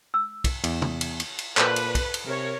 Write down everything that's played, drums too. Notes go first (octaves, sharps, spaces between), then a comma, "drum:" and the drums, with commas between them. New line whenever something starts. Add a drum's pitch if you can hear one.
E6
drum: kick, cymbal
E2, drum: cymbal
drum: tom
drum: cymbal
drum: cymbal
drum: cymbal
A#2 A4 B4 C5 D5, drum: clap
drum: cymbal
drum: kick, cymbal
drum: cymbal
C3 A#4 C#5